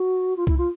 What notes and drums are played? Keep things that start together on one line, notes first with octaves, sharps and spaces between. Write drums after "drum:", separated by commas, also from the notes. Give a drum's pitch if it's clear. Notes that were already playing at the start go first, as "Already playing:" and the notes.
Already playing: F#4
F4
E4, drum: kick C2
F4